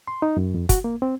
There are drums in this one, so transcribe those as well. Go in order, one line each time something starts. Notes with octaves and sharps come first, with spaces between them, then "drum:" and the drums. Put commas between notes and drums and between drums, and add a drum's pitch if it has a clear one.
C6
D#4
F#2
F2
F#4, drum: kick, hi-hat
A#3
C4